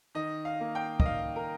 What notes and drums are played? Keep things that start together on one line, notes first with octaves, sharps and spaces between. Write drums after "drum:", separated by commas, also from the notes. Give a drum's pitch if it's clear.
D#3 D#5
F5
A#3
G5
D#5, drum: kick
D#3 F5
A#4